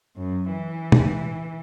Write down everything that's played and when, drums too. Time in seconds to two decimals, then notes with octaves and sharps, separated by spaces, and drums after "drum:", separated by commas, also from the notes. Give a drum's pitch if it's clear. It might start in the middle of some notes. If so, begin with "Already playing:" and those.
0.18 F#2
0.51 E3
0.92 drum: tom